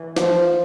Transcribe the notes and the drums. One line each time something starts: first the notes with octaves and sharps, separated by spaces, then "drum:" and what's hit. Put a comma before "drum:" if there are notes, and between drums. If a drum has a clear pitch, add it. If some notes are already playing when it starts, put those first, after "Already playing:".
Already playing: E3
F3, drum: snare